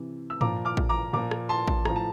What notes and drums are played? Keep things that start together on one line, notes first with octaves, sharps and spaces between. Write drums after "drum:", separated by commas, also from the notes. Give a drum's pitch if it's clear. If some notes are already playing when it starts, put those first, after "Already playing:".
Already playing: C3 E3
E6
A#2 F3 A#5 D6, drum: tom
D6 F6
drum: kick A1
A#5 D6
A#2 F3 A#5 D6
drum: rim click
A5 C6
drum: kick A1
A2 F3 A#5, drum: rim click
A5